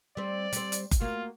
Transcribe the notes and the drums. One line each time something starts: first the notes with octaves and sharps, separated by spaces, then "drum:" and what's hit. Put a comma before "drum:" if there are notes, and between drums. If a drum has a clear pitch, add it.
G3 C4 D5
G3 C4, drum: hi-hat
drum: hi-hat
drum: kick F#1, hi-hat
A#3 F4 F#4